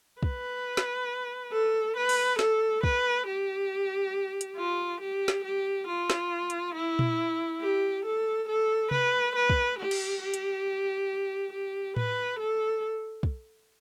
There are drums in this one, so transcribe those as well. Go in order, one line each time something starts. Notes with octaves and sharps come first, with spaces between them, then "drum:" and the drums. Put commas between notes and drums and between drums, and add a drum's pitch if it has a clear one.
B4, drum: kick
drum: snare
A4
B4
drum: open hi-hat
A4, drum: snare
B4, drum: kick
G4
drum: hi-hat
F4
G4
drum: snare
G4
F4
drum: snare
drum: hi-hat
E4
drum: tom A#2
G4
A4
A4
B4, drum: tom C3
B4
drum: kick
G4
drum: cymbal
G4
drum: hi-hat
G4
B4, drum: tom A2
A4
drum: kick